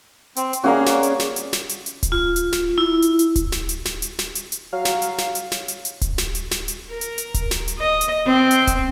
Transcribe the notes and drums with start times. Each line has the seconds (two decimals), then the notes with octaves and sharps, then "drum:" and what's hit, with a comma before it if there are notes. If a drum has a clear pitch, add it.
0.36 C4, drum: hi-hat
0.53 drum: hi-hat
0.64 A#3 C#4 F#4 G#4 D5 F5 A#5
0.86 drum: snare
1.03 drum: hi-hat
1.20 drum: snare
1.36 drum: hi-hat
1.53 drum: snare
1.69 drum: hi-hat
1.86 drum: hi-hat
2.03 drum: kick D1, hi-hat
2.12 F4
2.36 drum: hi-hat
2.52 drum: snare
2.78 E4
3.02 drum: hi-hat
3.19 drum: hi-hat
3.36 drum: kick D1, hi-hat
3.52 drum: snare
3.69 drum: hi-hat
3.85 drum: snare
4.02 drum: hi-hat
4.19 drum: snare
4.35 drum: hi-hat
4.52 drum: hi-hat
4.73 F#3 F5
4.85 drum: snare
5.02 drum: hi-hat
5.18 drum: snare
5.35 drum: hi-hat
5.52 drum: snare
5.68 drum: hi-hat
5.85 drum: hi-hat
6.01 drum: kick D1, hi-hat
6.18 drum: snare
6.35 drum: hi-hat
6.51 drum: snare
6.68 drum: hi-hat
6.90 A#4
7.01 drum: hi-hat
7.18 drum: hi-hat
7.34 drum: kick D1, hi-hat
7.51 drum: snare
7.68 drum: hi-hat
7.79 D#5
8.01 drum: hi-hat
8.26 C4
8.51 drum: hi-hat
8.67 drum: kick D1, hi-hat